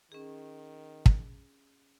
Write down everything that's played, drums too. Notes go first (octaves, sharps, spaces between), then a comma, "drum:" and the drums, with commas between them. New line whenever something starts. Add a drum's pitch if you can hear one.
D#3 C#4 G#4
drum: kick